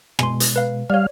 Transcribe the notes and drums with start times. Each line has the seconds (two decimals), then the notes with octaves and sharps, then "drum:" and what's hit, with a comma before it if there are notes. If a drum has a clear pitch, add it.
0.19 B2 G#3 G#5 C6, drum: rim click
0.40 drum: hi-hat
0.56 B4 F5
0.90 G3 C#5 D5 F5